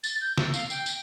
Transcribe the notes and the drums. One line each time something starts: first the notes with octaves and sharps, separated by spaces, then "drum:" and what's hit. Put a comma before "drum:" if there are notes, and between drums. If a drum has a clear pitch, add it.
A6, drum: tambourine
G6
E6, drum: snare
F5, drum: tambourine
G5, drum: tambourine
drum: tambourine